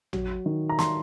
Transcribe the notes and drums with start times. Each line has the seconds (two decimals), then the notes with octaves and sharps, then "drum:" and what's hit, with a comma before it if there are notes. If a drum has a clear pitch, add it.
0.13 F#3, drum: tom A1
0.46 D#3
0.69 A#5
0.79 C6, drum: snare